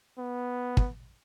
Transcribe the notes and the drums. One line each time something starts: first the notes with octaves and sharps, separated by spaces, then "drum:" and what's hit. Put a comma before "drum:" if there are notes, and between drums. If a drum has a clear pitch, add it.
B3
drum: kick